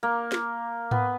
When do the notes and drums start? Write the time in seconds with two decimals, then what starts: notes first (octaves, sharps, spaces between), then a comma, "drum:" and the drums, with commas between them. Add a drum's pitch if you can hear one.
0.03 A#3
0.32 drum: snare
0.91 B3, drum: tom G#2